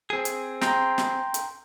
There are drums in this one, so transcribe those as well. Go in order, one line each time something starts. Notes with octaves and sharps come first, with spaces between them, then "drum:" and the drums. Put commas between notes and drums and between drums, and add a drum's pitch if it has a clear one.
C4 G#4
drum: hi-hat
G5 A#5 C6, drum: snare
drum: snare
drum: hi-hat